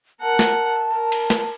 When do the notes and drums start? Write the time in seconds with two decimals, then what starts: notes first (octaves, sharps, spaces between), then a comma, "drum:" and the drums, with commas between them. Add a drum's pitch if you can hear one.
0.21 A#4 F#5 A5
0.39 drum: snare
0.90 A#4
1.12 drum: cymbal
1.30 drum: snare